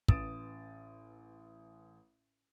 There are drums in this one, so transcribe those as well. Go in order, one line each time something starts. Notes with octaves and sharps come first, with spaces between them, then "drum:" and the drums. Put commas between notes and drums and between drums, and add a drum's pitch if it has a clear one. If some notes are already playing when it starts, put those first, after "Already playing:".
A1 B4 D#6 A6 D7 E7, drum: kick